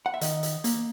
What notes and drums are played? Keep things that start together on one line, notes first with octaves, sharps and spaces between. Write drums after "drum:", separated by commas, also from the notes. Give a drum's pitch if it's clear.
F#5
E5
D#3 D#5, drum: hi-hat
drum: hi-hat
A#3, drum: hi-hat